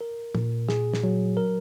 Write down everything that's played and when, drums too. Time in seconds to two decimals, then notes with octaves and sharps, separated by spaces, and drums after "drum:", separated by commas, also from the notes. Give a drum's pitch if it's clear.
0.01 A#4
0.35 A#2, drum: tom
0.69 G#4, drum: snare
0.94 drum: snare
1.03 F#3
1.37 A#4